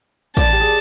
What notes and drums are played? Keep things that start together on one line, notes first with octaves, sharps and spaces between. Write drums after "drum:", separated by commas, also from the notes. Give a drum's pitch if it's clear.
D5 A5, drum: kick, hi-hat
G4
G#4